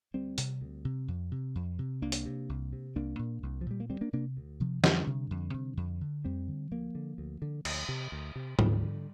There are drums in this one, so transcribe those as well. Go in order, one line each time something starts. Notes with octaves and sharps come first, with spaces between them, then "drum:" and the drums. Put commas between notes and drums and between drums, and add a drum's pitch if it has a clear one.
D2 G3 C4
C3, drum: hi-hat
D2
C3
F2
C3
F2
C3
C2 A#3 D4
drum: hi-hat
C3
C2
C3
C2 A#3 D4
A#2
C2
F3
A#2 G3
A#3
D2 G3 C4
A#3 D4
C3 A#3 D4
D2
C3 F3
F2 D3 G3, drum: snare
C3
F2
C3
F2
D3
F2 G3 C4
D3
D2 F3 A#3
D3
D2
D3
D2, drum: cymbal
C3
D2
C3
D2 D3 G3, drum: tom G#2
D3